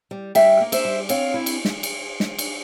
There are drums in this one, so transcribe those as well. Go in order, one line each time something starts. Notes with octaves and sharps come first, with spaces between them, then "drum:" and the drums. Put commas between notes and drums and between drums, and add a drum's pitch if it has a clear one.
G3
G3 E5 G5, drum: cymbal
A#3
C5 E5, drum: cymbal
G3
C4 C#5 F5, drum: cymbal
E4
drum: cymbal
drum: snare
drum: cymbal
drum: snare
drum: cymbal